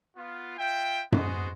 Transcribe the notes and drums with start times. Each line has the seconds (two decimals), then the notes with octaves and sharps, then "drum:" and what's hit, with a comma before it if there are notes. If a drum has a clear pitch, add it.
0.17 B3 F4
0.58 F4 E5 G5
1.12 G#3 B3 F#4 G#4 C5, drum: tom F#2